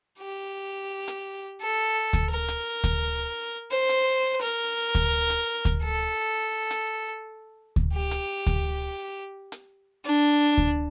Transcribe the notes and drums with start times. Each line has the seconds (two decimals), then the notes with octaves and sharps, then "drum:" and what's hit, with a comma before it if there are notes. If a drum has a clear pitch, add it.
0.19 G4
1.08 drum: hi-hat
1.61 A4
2.13 drum: kick D2, hi-hat
2.30 A#4
2.48 drum: hi-hat
2.84 drum: kick D2, hi-hat
3.71 C5
3.89 drum: hi-hat
4.42 A#4
4.95 drum: kick D2, hi-hat
5.30 drum: hi-hat
5.65 drum: kick D2, hi-hat
5.83 A4
6.71 drum: hi-hat
7.76 drum: kick D2
7.94 G4
8.11 drum: hi-hat
8.46 drum: kick D2, hi-hat
9.52 drum: hi-hat
10.05 D4
10.58 drum: kick D2